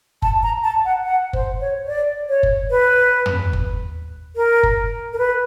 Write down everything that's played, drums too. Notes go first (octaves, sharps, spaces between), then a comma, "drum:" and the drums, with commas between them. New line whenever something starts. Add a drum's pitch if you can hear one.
A5, drum: kick F#1
A#5
A5
F#5
F#5
C5, drum: kick F#1
C#5
D5
C#5
drum: kick F#1
B4
drum: tom
drum: kick F#1
A#4
drum: kick F#1
A#4
B4